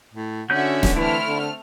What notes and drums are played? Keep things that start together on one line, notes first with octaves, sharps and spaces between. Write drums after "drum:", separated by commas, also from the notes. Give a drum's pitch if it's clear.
A2
D3 C#4 F#4 G#4 E5 G6
drum: snare
E3 A3 C4 E4 F6
D3